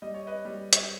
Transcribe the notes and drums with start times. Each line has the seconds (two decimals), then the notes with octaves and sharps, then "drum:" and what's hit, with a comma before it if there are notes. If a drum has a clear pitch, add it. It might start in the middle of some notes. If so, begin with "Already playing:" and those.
0.02 G3 D#5
0.14 C#5
0.27 B4 D#5
0.45 G3
0.73 drum: hi-hat